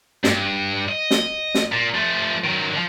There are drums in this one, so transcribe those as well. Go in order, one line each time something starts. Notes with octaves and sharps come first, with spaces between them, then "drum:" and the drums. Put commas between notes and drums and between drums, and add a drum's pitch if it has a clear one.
G2, drum: snare
D#5
drum: snare
drum: snare
A#2
F3 A3
D#3 F#3
D3 F3